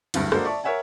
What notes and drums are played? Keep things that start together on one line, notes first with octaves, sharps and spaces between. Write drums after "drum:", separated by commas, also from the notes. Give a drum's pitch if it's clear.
F#1 D2 G2 D3, drum: cymbal
G#3 A#3 D4 F#4 A4 C5, drum: rim click
D5 E5 A5 C#6
A#4 C#5 E5 F#5 G#5